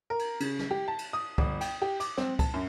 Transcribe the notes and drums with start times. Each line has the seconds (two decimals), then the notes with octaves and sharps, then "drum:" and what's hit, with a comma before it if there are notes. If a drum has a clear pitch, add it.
0.10 A#4
0.19 drum: cymbal
0.40 C#3, drum: cymbal
0.59 drum: snare
0.71 G4
0.88 A5
0.99 drum: cymbal
1.13 D#6
1.38 G1, drum: kick C#2
1.61 G5, drum: cymbal
1.82 G4
2.00 D6, drum: cymbal
2.18 C4, drum: snare
2.39 A5, drum: kick C#2, cymbal
2.54 F#2